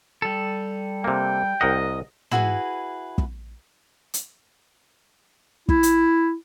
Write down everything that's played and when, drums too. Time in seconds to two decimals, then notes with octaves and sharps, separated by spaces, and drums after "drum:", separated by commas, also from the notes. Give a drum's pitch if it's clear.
0.22 G3 A4
1.04 C3 A#3 G5
1.61 C2 A#4 D#5 F#5
2.31 E4 F#4 G#4 B4, drum: tom
3.18 drum: kick
4.14 drum: hi-hat
5.69 E4, drum: kick
5.83 drum: hi-hat